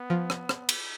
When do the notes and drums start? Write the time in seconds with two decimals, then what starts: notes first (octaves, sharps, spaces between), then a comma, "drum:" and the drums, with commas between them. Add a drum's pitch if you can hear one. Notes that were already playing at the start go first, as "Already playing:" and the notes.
Already playing: B3
0.10 F3
0.30 drum: rim click
0.49 drum: rim click
0.69 drum: cymbal